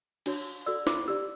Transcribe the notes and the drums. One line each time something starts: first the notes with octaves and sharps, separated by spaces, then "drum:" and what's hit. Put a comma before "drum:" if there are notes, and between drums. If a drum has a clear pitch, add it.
D4 F#4 C#5, drum: cymbal
F#4 A4 D5 E6
D6, drum: snare
G4 D5 E6